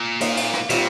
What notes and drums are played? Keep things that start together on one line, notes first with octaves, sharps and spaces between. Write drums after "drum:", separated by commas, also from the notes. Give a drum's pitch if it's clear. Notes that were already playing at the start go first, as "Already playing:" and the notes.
Already playing: A#2
A#3 D#4 A#4, drum: cymbal
drum: cymbal
drum: rim click
A#2 G3 C4 F4, drum: cymbal